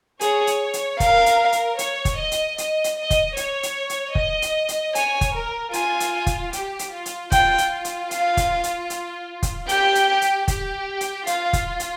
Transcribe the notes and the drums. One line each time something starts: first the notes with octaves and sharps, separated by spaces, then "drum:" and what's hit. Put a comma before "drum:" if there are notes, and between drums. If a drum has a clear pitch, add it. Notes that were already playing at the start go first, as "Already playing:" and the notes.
G#4 C#5, drum: hi-hat
drum: hi-hat
drum: hi-hat
A#4 F5, drum: kick, hi-hat
drum: hi-hat
drum: hi-hat
C#5, drum: hi-hat
drum: kick, hi-hat
D#5
drum: hi-hat
D#5, drum: hi-hat
drum: hi-hat
D#5
drum: kick, hi-hat
C#5, drum: hi-hat
drum: hi-hat
drum: hi-hat
D#5, drum: kick
drum: hi-hat
drum: hi-hat
C#5 G#5, drum: hi-hat
drum: kick, hi-hat
A#4
F4 G#5, drum: hi-hat
drum: hi-hat
drum: kick, hi-hat
G4, drum: hi-hat
drum: hi-hat
F4
drum: hi-hat
F4 G5, drum: kick, hi-hat
drum: hi-hat
drum: hi-hat
F5, drum: hi-hat
drum: kick, hi-hat
drum: hi-hat
drum: hi-hat
drum: kick, hi-hat
G4 G5, drum: hi-hat
drum: hi-hat
drum: hi-hat
G4, drum: kick, hi-hat
drum: hi-hat
F4 F5, drum: hi-hat
drum: kick, hi-hat
drum: hi-hat